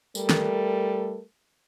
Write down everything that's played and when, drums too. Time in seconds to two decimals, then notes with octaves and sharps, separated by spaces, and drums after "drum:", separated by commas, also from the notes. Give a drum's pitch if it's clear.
0.15 G3 A3 A4 A#4, drum: tambourine
0.29 drum: snare